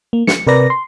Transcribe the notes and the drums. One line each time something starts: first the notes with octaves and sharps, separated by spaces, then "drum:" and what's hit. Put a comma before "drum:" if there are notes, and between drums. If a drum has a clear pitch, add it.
A#3
C#7, drum: snare
C3 A#4 B4 D5 A#6
C6